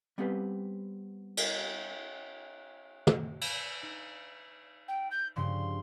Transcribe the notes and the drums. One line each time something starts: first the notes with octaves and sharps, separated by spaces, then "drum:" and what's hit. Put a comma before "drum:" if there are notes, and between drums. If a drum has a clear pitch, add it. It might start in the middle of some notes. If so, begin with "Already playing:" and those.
G3 B3 C4 G4 B4
drum: cymbal
drum: tom
drum: cymbal
D#4
G5
G6
G2 C#3 F3 C6